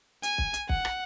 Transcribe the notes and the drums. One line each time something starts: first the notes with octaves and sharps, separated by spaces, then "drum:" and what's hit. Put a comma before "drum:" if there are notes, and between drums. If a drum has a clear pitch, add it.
G#5, drum: hi-hat
drum: kick
drum: hi-hat
F#5, drum: kick
drum: rim click